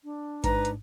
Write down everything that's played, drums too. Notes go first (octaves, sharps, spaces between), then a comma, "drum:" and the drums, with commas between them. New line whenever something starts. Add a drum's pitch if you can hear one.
D4
G#2 B4 A#5, drum: kick A1, hi-hat
drum: hi-hat